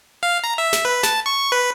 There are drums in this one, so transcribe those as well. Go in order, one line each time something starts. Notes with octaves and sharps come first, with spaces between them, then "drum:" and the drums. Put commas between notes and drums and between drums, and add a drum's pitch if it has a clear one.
F5
A#5
E5
drum: snare
B4
A5, drum: snare
C#6
B4